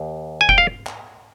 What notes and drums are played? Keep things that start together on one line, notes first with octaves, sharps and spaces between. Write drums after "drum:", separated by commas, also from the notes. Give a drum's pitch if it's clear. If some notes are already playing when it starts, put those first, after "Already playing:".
Already playing: D#2
G#5
G5, drum: kick F1
F5
drum: clap